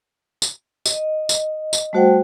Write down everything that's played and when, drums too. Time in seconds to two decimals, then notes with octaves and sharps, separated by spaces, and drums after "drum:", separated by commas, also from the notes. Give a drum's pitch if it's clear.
0.42 drum: tambourine
0.86 D#5, drum: tambourine
1.29 drum: tambourine
1.73 drum: tambourine
1.93 G3 A3 F#4 C5 F#5 G5